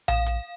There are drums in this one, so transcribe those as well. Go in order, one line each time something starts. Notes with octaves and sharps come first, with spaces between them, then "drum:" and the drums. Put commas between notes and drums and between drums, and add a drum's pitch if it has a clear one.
F5, drum: tom A#1
drum: hi-hat